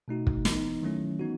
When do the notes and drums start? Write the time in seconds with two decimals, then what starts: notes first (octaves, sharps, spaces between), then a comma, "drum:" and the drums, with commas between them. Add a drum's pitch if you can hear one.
0.08 B2 A3 D#4 F#4
0.27 drum: kick
0.45 E3 B3 D#4, drum: snare
0.82 D#3 F#3 A3 C#4 E4
1.19 E3 B3 D#4 F#4